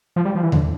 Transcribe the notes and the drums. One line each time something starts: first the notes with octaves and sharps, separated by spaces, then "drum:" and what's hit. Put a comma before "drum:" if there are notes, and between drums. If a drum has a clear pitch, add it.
F3
G3
F3
E3
D3, drum: tom D#2